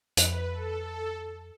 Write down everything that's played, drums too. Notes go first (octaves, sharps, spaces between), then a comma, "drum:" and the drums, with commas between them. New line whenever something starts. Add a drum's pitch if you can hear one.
F2 B4, drum: hi-hat
A4
A4